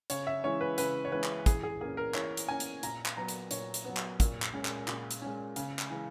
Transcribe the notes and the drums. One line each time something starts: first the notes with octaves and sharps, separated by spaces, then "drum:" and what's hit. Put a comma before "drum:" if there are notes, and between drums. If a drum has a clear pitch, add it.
C#3 C#5, drum: hi-hat
E5
E3 G#3 C#4 C#5
B4
C#3 B4, drum: hi-hat
C#5
E3 G#3 C#4 B4
drum: clap
E3 G#4, drum: kick, hi-hat
G#4
A#3 C#4 G#4
A#4
E3 C#5, drum: clap
drum: hi-hat
A#3 C#4 G#5
drum: hi-hat
A#2 A#5, drum: hi-hat
drum: clap
F#3 B3 A#5
drum: hi-hat
A#2 C#5, drum: hi-hat
drum: hi-hat
F#3 B3
drum: clap
A#2, drum: kick, hi-hat
drum: clap
G#3 C#4
drum: clap
A#2, drum: clap
drum: hi-hat
G#3 C#4
C#3, drum: hi-hat
drum: clap
E3 G#3